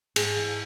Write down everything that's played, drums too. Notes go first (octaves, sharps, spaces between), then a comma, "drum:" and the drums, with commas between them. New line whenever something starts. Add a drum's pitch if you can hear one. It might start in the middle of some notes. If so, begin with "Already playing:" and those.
G#2 G#4, drum: cymbal
E3